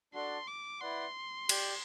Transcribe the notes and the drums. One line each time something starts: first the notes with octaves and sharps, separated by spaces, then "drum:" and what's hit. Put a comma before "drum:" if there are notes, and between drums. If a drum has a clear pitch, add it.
D4 F#4 A4 D5 C6
D6
E4 B4 D5 F#5 C6
G4 D5 G5, drum: cymbal